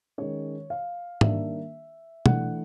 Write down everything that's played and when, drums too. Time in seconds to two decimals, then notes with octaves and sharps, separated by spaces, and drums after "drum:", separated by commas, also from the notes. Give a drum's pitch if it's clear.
0.18 D#3 G#3 C#4 C#5
0.70 F5
1.21 D#3 G3 A#3 D4 E5, drum: tom
2.26 E3 A3 D4 F#5, drum: tom